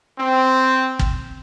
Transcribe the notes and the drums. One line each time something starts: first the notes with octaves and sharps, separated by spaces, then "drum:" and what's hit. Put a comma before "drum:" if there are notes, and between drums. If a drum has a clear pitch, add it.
C4
drum: kick